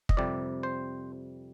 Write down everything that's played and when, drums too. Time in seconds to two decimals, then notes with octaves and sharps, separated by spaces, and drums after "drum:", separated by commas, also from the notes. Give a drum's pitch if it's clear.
0.09 D#5, drum: kick
0.17 F2 C3 G3 D5
0.63 C5